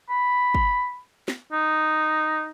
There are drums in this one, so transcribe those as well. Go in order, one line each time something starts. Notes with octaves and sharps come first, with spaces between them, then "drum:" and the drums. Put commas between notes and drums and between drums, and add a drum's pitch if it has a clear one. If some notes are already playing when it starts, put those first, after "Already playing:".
B5
drum: kick
drum: snare
D#4